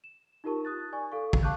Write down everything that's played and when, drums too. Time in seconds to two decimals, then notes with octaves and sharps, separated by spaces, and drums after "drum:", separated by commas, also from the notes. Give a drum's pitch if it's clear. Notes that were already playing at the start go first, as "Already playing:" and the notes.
0.04 E7
0.44 D#4 F4 G4 A#4 A5 C#6
0.65 D#6 F#6 A6
0.93 D5 G#5 C#6
1.12 A4 F5 C#6
1.33 drum: kick
1.42 F5 A5 C#6 D6 F#6 G6